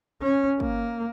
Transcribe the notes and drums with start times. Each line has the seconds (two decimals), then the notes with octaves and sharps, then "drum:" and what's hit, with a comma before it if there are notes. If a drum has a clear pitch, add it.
0.22 C#4
0.60 A#3, drum: kick